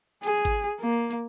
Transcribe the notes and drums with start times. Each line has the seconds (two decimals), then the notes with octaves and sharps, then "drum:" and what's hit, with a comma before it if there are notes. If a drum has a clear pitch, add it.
0.23 G#4, drum: hi-hat
0.45 drum: kick G#1, hi-hat
0.80 A#3
1.11 drum: hi-hat